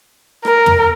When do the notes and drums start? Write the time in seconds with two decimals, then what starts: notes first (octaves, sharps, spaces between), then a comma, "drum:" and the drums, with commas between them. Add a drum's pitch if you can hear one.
0.45 A#4, drum: rim click
0.66 drum: tom